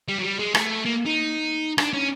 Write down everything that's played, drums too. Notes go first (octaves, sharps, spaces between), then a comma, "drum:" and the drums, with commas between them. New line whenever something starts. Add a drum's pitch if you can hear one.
G3
F#3
G3
G#3
A3, drum: rim click
A#3
D#4
D4, drum: rim click
C#4